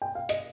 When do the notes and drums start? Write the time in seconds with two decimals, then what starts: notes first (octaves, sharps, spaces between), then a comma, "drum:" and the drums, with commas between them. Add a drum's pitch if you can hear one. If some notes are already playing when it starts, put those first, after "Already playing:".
0.02 G5
0.15 F5
0.29 D#5, drum: hi-hat